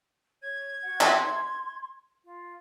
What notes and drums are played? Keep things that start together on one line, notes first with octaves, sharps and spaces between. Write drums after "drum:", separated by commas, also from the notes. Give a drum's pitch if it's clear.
C#5 G#6
F#4 F#5
C6, drum: clap
F4